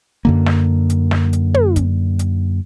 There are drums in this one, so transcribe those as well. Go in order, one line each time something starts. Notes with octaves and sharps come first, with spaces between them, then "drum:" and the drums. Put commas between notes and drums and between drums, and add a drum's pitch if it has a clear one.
F#2 D3 A#3
drum: snare
drum: hi-hat
drum: snare
drum: hi-hat
drum: tom
drum: kick, hi-hat
drum: hi-hat